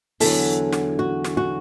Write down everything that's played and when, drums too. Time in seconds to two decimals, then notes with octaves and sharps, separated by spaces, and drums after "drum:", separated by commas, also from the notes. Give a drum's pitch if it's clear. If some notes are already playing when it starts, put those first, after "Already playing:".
0.20 E2 D3 F#3 A4, drum: open hi-hat
0.73 drum: snare
0.99 F#4
1.25 drum: snare
1.37 F#4